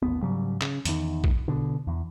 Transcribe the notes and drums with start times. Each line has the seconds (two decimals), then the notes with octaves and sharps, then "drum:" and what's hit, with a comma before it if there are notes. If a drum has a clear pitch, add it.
0.02 A1 D#2 B3
0.23 G#2 C#3 F#3 G3
0.61 C#3, drum: clap
0.85 E2 D#3, drum: hi-hat
1.24 drum: kick
1.48 B2 D3
1.87 E2